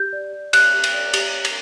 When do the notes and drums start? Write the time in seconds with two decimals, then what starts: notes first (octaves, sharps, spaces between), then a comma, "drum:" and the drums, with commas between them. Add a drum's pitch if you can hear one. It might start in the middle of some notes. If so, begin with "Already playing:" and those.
Already playing: G4 G6
0.13 D5
0.33 D5
0.53 G4 F#6, drum: cymbal
0.73 G4
0.84 drum: cymbal
0.93 D5
1.14 G4, drum: cymbal
1.34 C#5
1.45 drum: cymbal